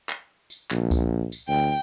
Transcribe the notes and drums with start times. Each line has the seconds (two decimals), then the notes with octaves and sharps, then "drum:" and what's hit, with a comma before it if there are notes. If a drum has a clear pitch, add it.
0.09 drum: clap
0.50 drum: tambourine
0.71 A#1, drum: clap
0.91 drum: kick C2, tambourine
1.32 drum: tambourine
1.48 D2 G5